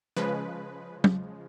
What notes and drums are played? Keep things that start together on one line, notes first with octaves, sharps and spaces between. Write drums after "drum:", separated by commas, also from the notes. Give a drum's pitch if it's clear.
C#3 F3 G#3 B4
drum: tom